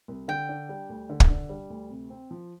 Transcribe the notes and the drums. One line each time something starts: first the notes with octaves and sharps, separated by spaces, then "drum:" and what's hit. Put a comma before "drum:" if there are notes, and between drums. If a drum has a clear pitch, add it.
C2
D3 G5
D4
G3
D2
D3
drum: kick
D4
G3
D2
C3
C4
F3